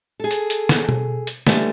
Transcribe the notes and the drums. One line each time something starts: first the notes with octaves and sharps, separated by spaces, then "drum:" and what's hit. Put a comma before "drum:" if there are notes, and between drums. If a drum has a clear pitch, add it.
G#4 A4
drum: hi-hat
drum: hi-hat
drum: snare
drum: tom B2
drum: hi-hat
D3 E3 G3 A3, drum: snare